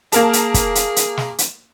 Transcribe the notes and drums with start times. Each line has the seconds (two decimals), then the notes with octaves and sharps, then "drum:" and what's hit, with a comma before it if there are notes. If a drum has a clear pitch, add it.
0.12 A#3 G#4 A#4 A5, drum: hi-hat
0.33 drum: hi-hat
0.54 drum: kick, hi-hat
0.75 drum: hi-hat
0.96 drum: hi-hat
1.17 drum: snare
1.39 drum: hi-hat